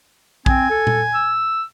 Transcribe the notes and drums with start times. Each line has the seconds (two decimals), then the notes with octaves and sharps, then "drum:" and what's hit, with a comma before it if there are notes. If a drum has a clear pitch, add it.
0.46 C4 G#5, drum: kick
0.70 A4
0.87 drum: tom A#2
1.14 E6